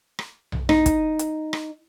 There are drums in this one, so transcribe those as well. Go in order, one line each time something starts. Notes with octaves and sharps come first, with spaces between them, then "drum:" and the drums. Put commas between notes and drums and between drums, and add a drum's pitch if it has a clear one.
drum: rim click
drum: tom B1
D#4, drum: rim click
drum: kick, hi-hat
drum: hi-hat
drum: rim click